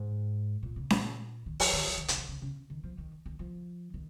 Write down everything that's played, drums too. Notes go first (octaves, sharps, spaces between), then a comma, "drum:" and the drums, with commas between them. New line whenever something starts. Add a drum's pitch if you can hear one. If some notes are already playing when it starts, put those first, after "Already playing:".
Already playing: G#2
A#2
C#3
A#2, drum: snare C#4
D#3
F3, drum: open hi-hat
D#3
F3
D#3
C#3, drum: hi-hat
D#3
C#3
C#3
D#3
F3
D#3
D#3
F3
D#3